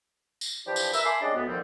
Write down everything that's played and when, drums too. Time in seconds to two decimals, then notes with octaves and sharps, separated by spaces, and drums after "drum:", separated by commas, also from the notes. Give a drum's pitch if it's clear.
0.41 drum: tambourine
0.67 E3 F3 D4 G4
0.76 drum: tambourine
0.93 A#4 B4 E5, drum: tambourine
1.05 E5 G#5 A5 B5 C6 D6
1.22 G3 G#3 C#4 D4 D5 D#5
1.34 D2 B3
1.48 A#2 D3 D#3 F3 G3 C4